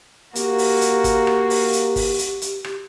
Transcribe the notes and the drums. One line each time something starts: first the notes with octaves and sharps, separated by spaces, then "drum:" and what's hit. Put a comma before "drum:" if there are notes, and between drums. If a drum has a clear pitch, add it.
A#3 F#4 G4, drum: hi-hat
drum: open hi-hat
drum: hi-hat
drum: kick, hi-hat
drum: rim click
drum: open hi-hat
drum: hi-hat
drum: kick, open hi-hat
drum: hi-hat
drum: hi-hat
drum: rim click